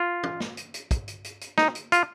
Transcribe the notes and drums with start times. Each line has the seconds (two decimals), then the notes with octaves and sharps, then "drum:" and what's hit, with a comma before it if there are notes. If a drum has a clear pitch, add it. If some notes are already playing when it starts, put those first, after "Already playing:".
Already playing: F4
0.23 drum: tom
0.40 drum: snare
0.57 drum: hi-hat
0.74 drum: hi-hat
0.91 drum: kick, hi-hat
1.08 drum: hi-hat
1.24 drum: hi-hat
1.41 drum: hi-hat
1.58 D#4, drum: snare
1.75 drum: hi-hat
1.92 F4, drum: hi-hat